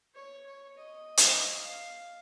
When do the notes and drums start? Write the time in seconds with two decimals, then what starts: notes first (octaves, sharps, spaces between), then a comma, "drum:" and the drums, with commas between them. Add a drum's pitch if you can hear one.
0.15 C#5
0.46 C#5
0.77 D#5
1.17 drum: hi-hat
1.60 F5